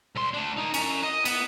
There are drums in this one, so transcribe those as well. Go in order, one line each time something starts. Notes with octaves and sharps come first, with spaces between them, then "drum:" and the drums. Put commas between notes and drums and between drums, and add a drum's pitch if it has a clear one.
C2 C6
A3 D4
A#3 D#4
C#4 A#5, drum: cymbal
D#5
B3, drum: cymbal